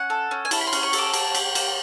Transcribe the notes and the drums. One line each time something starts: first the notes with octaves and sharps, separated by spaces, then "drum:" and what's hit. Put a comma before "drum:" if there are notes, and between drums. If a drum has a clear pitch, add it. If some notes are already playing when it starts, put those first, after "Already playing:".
Already playing: C#4 F#5
A4
C#4
G#5
E4 A5, drum: cymbal
B5
C6
C#4, drum: cymbal
C#6
A4, drum: cymbal
D6
A#3, drum: cymbal
G4, drum: cymbal
A#3, drum: cymbal